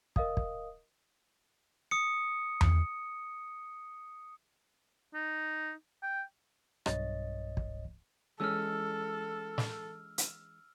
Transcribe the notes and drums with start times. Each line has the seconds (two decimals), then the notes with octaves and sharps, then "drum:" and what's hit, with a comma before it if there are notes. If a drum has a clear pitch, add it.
0.16 A#4 D#5 F5 D#6, drum: kick
0.37 drum: kick
1.91 D#6 C#7
2.61 drum: tom E2
5.14 D#4
6.03 G5
6.86 B1 G2 C#5 D#5 A6, drum: rim click
7.57 drum: kick
8.40 E3 G#3 C#4 A4 E6 F6
9.58 drum: snare
10.18 drum: hi-hat